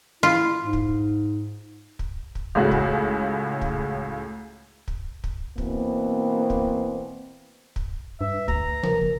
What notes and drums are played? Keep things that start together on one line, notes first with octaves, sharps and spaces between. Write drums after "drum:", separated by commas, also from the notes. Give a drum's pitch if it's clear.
E4 F4
G#2
drum: kick
drum: kick
drum: kick
C#2 A2 C#3 F#4
drum: kick
drum: kick
drum: kick
drum: kick
B2 E3 A#3 C4, drum: kick
drum: kick
drum: kick
G2 B4 E5
D2 A#5, drum: kick
F3 A#4, drum: tom B2
F#1